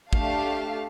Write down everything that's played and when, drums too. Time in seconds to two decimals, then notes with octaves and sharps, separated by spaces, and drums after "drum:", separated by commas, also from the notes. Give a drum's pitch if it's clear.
0.13 A3 D4 G4 F5 A5, drum: kick